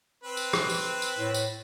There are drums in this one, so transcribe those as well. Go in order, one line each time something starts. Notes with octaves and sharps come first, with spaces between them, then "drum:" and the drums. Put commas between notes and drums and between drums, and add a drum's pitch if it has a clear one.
C4 B4
drum: tambourine
drum: rim click
drum: tambourine
drum: tambourine
A2
drum: tambourine